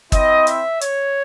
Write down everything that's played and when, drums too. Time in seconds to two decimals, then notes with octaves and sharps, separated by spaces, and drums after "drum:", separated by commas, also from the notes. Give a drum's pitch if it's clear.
0.12 C4 E4 D#5, drum: kick, hi-hat
0.47 E5, drum: hi-hat
0.81 C#5, drum: hi-hat